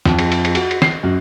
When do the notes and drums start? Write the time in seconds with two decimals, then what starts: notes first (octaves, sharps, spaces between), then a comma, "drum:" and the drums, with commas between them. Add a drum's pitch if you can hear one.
0.06 F2, drum: snare
0.19 drum: cymbal
0.32 drum: cymbal
0.45 drum: cymbal
0.55 F#4, drum: cymbal
0.71 drum: cymbal
0.82 C7, drum: snare
1.03 F#2